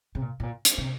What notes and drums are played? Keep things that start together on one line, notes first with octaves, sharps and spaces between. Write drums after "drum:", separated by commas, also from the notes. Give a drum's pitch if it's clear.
C3
A#2
A2
A#2
drum: hi-hat
C3